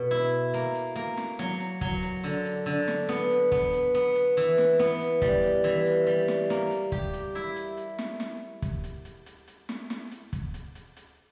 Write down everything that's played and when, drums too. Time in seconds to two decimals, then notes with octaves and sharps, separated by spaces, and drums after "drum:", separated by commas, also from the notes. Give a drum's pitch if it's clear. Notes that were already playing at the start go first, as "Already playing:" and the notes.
Already playing: B2
0.11 E4
0.54 A#3, drum: hi-hat
0.75 drum: hi-hat
0.96 A#3, drum: hi-hat
1.17 drum: snare
1.39 F#3, drum: snare
1.60 drum: hi-hat
1.81 F#3, drum: kick, hi-hat
2.03 drum: hi-hat
2.24 D3, drum: hi-hat
2.45 drum: hi-hat
2.66 D3, drum: hi-hat
2.88 drum: snare
3.09 B3, drum: snare
3.30 drum: hi-hat
3.52 B3, drum: kick, hi-hat
3.73 drum: hi-hat
3.95 B3, drum: hi-hat
4.15 drum: hi-hat
4.37 E3, drum: hi-hat
4.58 drum: snare
4.79 B3, drum: snare
5.01 drum: hi-hat
5.22 G3, drum: kick, hi-hat
5.43 drum: hi-hat
5.64 E3, drum: hi-hat
5.86 drum: hi-hat
6.07 G3, drum: hi-hat
6.28 drum: snare
6.50 A#3, drum: snare
6.71 drum: hi-hat
6.92 G4, drum: kick, hi-hat
7.13 drum: hi-hat
7.35 E4, drum: hi-hat
7.56 drum: hi-hat
7.77 drum: hi-hat
7.99 drum: snare
8.20 drum: snare
8.62 drum: kick, hi-hat
8.84 drum: hi-hat
9.05 drum: hi-hat
9.26 drum: hi-hat
9.48 drum: hi-hat
9.69 drum: snare
9.90 drum: snare
10.11 drum: hi-hat
10.33 drum: kick, hi-hat
10.54 drum: hi-hat
10.75 drum: hi-hat
10.97 drum: hi-hat